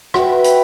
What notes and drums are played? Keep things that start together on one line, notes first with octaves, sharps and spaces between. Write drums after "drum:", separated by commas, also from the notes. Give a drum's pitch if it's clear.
F#4 B4 E5 G5, drum: rim click
drum: hi-hat